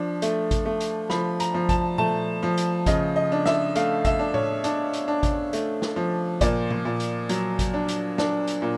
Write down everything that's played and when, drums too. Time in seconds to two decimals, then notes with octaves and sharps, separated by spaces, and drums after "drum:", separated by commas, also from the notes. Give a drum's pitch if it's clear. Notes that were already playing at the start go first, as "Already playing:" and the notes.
Already playing: F3 D4
0.22 A3, drum: hi-hat
0.51 drum: kick G#1, hi-hat
0.65 A3
0.81 drum: hi-hat
1.10 F3 B5, drum: snare
1.40 A#5, drum: hi-hat
1.54 F3
1.69 A5, drum: kick G#1, hi-hat
1.98 A3 A5, drum: tom A#2
2.43 F3
2.58 drum: hi-hat
2.86 C#3 D#5, drum: kick G#1, hi-hat
3.16 D#5
3.32 D4
3.46 E5, drum: snare
3.76 A3 F5, drum: hi-hat
4.05 E5, drum: kick G#1, hi-hat
4.19 D4
4.34 C#5, drum: tom A2
4.64 D4, drum: hi-hat
4.93 drum: hi-hat
5.08 D4
5.23 drum: kick G#1, hi-hat
5.53 A3, drum: hi-hat
5.82 drum: snare
5.96 F3
6.41 A#2 D5, drum: kick G#1, hi-hat
6.70 drum: tom A#2
6.85 A#2
7.00 drum: hi-hat
7.29 F#3, drum: hi-hat
7.59 drum: kick G#1, hi-hat
7.74 D4
7.88 drum: hi-hat
8.18 D4, drum: snare
8.47 drum: hi-hat
8.62 A#2